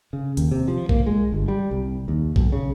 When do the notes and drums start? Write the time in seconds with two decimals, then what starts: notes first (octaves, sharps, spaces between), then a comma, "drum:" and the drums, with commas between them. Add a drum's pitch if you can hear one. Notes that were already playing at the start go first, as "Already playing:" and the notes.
0.13 C#3
0.37 D#2, drum: hi-hat
0.52 C3
0.68 F3
0.89 A#3, drum: kick
1.07 G#3
1.32 G1
1.48 G3
1.71 C2
2.08 D#2
2.36 B1, drum: kick
2.52 C#3